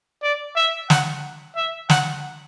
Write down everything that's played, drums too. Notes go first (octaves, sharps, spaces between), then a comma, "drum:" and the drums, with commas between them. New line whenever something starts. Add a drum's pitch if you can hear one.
D5
E5
F#5, drum: snare
E5
F#5, drum: snare